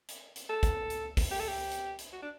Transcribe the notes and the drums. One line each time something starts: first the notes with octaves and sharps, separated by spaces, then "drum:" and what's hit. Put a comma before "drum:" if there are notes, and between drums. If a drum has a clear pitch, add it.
drum: hi-hat
drum: hi-hat
A4
drum: kick, hi-hat
drum: hi-hat
drum: kick, open hi-hat
G4
A4
G4
drum: hi-hat
drum: hi-hat
F#4
D4